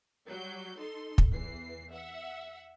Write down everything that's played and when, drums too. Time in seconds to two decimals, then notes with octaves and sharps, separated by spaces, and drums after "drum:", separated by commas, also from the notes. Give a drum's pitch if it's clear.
0.29 F#3 G3 G6
0.78 D#4 A4 C6
1.18 drum: kick
1.31 E2 E3 C7
1.92 E5 F#5